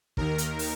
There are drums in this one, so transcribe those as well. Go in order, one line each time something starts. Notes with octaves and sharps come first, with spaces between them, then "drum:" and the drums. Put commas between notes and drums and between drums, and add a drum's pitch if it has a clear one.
D#2 D#3 A#4, drum: kick
drum: hi-hat
drum: open hi-hat